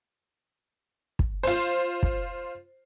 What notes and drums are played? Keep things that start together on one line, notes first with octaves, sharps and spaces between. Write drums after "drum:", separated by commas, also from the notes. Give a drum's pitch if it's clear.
drum: kick
F4 C5, drum: open hi-hat
drum: kick